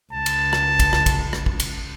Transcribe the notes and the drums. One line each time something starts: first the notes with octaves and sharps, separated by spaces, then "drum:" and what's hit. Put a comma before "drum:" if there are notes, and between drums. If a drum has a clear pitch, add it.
C#2 A5
drum: cymbal
drum: rim click
drum: kick, cymbal
drum: rim click
drum: kick, cymbal
drum: rim click
drum: kick
drum: cymbal